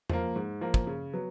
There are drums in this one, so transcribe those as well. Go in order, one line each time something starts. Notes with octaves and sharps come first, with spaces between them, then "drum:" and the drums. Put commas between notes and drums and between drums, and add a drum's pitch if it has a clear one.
F3 A#3, drum: tom E2
G#2
F3 A#3
drum: kick
C#3
F#3 B3